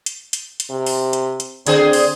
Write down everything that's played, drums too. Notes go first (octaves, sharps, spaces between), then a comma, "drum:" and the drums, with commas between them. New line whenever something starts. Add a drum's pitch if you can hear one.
drum: hi-hat
drum: hi-hat
drum: hi-hat
C3
drum: open hi-hat
drum: hi-hat
drum: hi-hat
D3 C4 G#4 C5 D5, drum: hi-hat
drum: open hi-hat